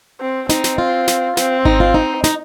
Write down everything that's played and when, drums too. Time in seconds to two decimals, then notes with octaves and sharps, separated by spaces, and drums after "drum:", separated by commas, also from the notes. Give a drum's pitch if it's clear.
0.20 C4
0.49 C4 D#4, drum: snare
0.64 drum: snare
0.78 F4
1.08 drum: snare
1.37 C4, drum: snare
1.65 D#4, drum: kick G#1
1.80 F4
1.94 D#4
2.24 D#4, drum: snare